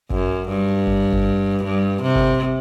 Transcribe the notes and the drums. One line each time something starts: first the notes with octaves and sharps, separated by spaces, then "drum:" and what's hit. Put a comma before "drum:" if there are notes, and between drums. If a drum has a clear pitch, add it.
F#2, drum: kick G1
G2
drum: kick G1
drum: kick G1
G2
C3
drum: kick G1